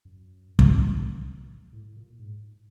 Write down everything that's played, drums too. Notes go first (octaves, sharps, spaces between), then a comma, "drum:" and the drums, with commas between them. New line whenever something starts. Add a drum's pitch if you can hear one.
F#2
drum: kick
A2
A#2
G#2